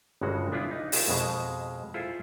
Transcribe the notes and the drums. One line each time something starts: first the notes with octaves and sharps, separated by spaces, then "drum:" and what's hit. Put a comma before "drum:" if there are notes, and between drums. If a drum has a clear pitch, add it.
G1 G2 C#3 G#3 F#4
B3 D4 E4 F4 B4
D#4
E4 F4 G4 G#4 A#4, drum: open hi-hat
F2 B2 G#3
E4 F4 G#4 A4 C5